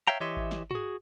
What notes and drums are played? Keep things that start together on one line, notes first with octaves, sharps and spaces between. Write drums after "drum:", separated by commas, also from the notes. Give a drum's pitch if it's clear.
C#5 E5 F5 G5 A#5
E3 G4 C#5 D#5 E5 C6
drum: kick G#1
drum: snare
F#4 G#4, drum: tom